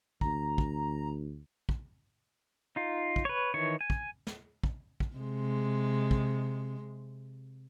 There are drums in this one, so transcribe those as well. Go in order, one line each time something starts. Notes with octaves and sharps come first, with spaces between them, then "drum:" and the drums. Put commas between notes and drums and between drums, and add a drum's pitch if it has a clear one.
D2 A#5, drum: kick
drum: kick
drum: kick
D#4 F4
drum: kick
B4 C#5
D#3 E3 C#5
G#5
drum: kick
drum: snare
drum: kick
drum: kick
C3 G#3
drum: kick